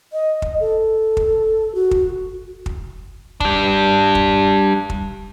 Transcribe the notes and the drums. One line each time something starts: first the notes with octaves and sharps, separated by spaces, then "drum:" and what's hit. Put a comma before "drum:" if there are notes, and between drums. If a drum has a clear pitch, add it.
D#5
drum: kick
A4
drum: kick
F#4
drum: kick
drum: kick
G3 D4, drum: kick
drum: kick
drum: kick